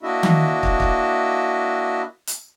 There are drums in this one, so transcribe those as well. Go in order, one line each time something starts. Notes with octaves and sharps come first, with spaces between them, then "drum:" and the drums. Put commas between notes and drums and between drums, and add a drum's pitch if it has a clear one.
A#3 D4 E4 F#4 D#5 E5
drum: tom D#3
drum: kick
drum: kick
drum: hi-hat